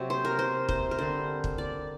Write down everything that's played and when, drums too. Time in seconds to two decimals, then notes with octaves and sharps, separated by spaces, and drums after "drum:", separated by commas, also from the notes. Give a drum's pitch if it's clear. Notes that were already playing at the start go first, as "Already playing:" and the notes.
Already playing: C3 F#3 C4
0.10 C5
0.25 A#4
0.39 C5
0.69 C5, drum: kick
0.91 A#4
0.98 D3 G3 C4 C5
1.44 drum: kick
1.58 D5